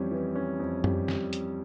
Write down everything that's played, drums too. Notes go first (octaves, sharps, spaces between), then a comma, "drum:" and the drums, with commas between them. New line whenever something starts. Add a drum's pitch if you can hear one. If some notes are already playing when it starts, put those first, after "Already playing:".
Already playing: F2 E3 G3 C#4
E3
C#4
F2
G3, drum: tom F#2
drum: snare
drum: hi-hat